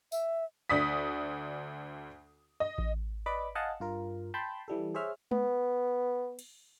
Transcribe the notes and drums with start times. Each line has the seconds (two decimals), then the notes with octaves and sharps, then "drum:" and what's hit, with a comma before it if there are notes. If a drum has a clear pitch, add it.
0.12 E5, drum: tambourine
0.70 D2 D5 D#6 B6
2.60 D#5
2.78 drum: kick A1
3.26 B4 D5 D#5 B5 D6
3.55 D#5 F5 F#5 G#5 A5
3.80 G2 F4 A#4
4.34 G5 A5 B5 C6 G6
4.68 E3 G3 A4
4.95 G#4 C5 C#5 E5 F6
5.31 B3, drum: tom G#3
6.39 drum: cymbal